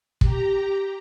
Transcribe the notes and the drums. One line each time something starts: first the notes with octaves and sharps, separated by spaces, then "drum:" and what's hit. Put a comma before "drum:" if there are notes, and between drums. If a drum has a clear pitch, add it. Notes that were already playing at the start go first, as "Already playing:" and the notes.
G4 A#5, drum: kick